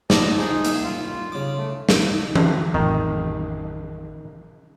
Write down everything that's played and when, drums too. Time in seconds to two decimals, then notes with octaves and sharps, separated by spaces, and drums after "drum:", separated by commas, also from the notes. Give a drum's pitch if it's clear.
0.10 A3 A#3 D5 D#5 A5, drum: snare
0.38 F3 D#4 E4 G#4 A#4
0.65 A#3 E5, drum: hi-hat
0.84 F4
1.32 C#3 D6
1.57 A3
1.89 drum: snare
2.36 drum: tom E3
2.74 A1 F2 D#3